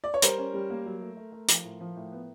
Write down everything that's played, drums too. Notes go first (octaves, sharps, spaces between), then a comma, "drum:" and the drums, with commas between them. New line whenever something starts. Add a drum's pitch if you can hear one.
D5
C#5
G3 A#4 C5, drum: hi-hat
C#4
G3
A#3
F#3
A3
A3
A3
F3, drum: hi-hat
A2
F3
A2
B3